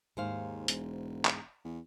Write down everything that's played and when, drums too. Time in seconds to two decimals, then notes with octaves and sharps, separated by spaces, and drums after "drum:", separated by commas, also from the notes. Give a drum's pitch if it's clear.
0.17 D#2 G#2 C5 F5
0.68 E1, drum: hi-hat
1.25 drum: clap
1.65 E2